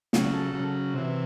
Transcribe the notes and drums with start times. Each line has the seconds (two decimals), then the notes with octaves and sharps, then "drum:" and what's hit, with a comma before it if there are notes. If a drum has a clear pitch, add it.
0.13 C#3 F#3 G#4, drum: snare
0.33 A4
0.53 C#3 F#3
0.94 C3 E3